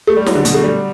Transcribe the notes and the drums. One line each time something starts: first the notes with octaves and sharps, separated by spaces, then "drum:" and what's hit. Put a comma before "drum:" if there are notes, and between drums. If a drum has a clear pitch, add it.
A3
G3
F#3, drum: snare
D3
B2, drum: hi-hat
A3
G3